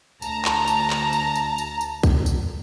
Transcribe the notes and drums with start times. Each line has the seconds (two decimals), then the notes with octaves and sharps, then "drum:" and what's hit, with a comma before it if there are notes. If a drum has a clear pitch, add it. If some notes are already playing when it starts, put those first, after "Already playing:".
0.22 D2 A5 A#5, drum: tambourine
0.45 drum: clap
0.68 drum: tambourine
0.90 drum: clap
1.13 drum: tambourine
1.36 drum: tambourine
1.58 drum: tambourine
1.81 drum: tambourine
2.03 drum: kick, tambourine
2.26 drum: tambourine